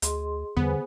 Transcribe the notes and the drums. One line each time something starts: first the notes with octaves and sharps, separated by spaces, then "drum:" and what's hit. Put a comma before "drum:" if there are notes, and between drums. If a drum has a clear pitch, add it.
D2 G#4 D#5 C6, drum: hi-hat
E2 D3 G3 B3 G#4 C5 G#5